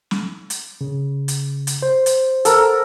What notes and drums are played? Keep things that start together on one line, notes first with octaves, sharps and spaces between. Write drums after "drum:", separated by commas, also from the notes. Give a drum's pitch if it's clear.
drum: snare
drum: hi-hat
C#3
drum: hi-hat
drum: hi-hat
C5
drum: hi-hat
A4 A#4, drum: hi-hat